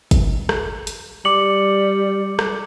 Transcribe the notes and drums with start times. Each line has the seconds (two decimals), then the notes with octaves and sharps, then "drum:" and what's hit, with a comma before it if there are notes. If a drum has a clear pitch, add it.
0.11 drum: kick, hi-hat
0.49 drum: rim click
0.87 drum: hi-hat
1.25 G3 D6 C#7 F#7
2.39 drum: rim click